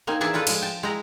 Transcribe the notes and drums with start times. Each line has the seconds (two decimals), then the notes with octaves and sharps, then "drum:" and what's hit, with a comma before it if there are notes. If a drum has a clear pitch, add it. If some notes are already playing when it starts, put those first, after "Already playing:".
0.07 A#3 C4 D#4 G#5
0.21 E3 D4 G#4 D5 E5 A5
0.33 D4 F4 A4 B4 D5
0.47 F3 G#3, drum: cymbal
0.62 G5 A5
0.83 G#3 E4 G5 A#5